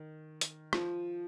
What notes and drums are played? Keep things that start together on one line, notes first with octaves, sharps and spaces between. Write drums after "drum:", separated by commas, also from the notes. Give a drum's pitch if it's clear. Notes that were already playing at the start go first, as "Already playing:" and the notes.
Already playing: D#3
drum: hi-hat
F3, drum: rim click